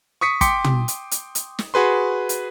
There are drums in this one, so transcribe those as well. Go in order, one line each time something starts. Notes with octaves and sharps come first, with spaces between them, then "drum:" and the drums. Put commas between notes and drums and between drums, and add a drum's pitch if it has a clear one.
C#6 D#6 B6 C#7
G5 C6 D6 B6 C#7, drum: kick, hi-hat
drum: tom
drum: hi-hat
drum: hi-hat
drum: hi-hat
drum: snare
F#4 G#4 B4 C6
drum: hi-hat